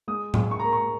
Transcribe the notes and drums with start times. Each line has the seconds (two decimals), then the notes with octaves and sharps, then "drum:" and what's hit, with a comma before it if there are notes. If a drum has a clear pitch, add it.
0.08 G#3 D#6
0.34 G#3, drum: tom A2
0.51 C#6
0.59 A#3 A#5
0.73 C#6